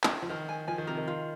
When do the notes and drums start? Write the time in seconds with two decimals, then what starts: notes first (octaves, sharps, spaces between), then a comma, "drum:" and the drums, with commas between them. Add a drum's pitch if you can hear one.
0.04 drum: clap
0.22 F3
0.29 D#3 A#4
0.49 G#5
0.68 F3 G#5
0.78 D#3
0.87 C3 A#4
0.97 D#3
1.07 F4